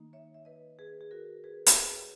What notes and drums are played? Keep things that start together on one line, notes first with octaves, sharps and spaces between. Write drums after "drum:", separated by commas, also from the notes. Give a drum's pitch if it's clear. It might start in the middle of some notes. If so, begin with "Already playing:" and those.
Already playing: D#3 A#3 D#4
C#5 E5
E5
B4 D#5
G#4 B4
G#4
F#4 A#4
G#4 B4
C#5, drum: hi-hat
G#4 B4